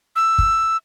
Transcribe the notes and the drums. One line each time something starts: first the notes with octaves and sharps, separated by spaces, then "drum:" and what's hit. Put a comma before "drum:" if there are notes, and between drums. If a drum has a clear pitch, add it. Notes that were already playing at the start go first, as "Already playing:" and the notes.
E6
drum: kick